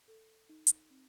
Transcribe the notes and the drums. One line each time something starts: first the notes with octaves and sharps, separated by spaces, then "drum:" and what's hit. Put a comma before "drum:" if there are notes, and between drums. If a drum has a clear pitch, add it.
A4
D#4
drum: hi-hat
C4